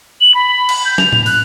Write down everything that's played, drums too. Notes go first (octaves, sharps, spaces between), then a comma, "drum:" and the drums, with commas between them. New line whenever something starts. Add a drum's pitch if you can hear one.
F#7
B5
drum: cymbal
G6
F7, drum: snare
drum: tom A2
F#6, drum: open hi-hat